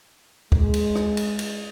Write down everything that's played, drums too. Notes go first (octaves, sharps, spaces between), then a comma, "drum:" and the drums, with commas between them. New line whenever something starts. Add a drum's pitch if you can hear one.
G#3, drum: kick
drum: cymbal
drum: rim click
drum: cymbal
drum: cymbal